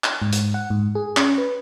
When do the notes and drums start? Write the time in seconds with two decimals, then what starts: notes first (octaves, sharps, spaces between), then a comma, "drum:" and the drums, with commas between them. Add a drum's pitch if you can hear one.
0.04 drum: clap
0.22 G#2
0.32 drum: hi-hat
0.54 F#5
0.70 G#2
0.95 G#4
1.17 C#4, drum: clap
1.38 B4